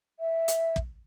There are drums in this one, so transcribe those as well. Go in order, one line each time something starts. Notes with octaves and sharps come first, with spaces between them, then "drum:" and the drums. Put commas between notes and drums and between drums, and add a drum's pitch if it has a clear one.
E5
drum: hi-hat
drum: kick